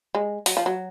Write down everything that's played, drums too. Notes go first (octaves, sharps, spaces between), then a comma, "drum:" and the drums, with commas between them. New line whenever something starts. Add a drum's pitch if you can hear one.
G#3
F#3, drum: open hi-hat
F3
F#3